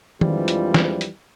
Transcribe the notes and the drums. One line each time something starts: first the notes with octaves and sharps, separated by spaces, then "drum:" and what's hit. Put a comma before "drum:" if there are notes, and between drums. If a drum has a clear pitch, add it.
F2 E3 F3 G3 G#3 D4, drum: tom D#3
drum: hi-hat
drum: snare
drum: hi-hat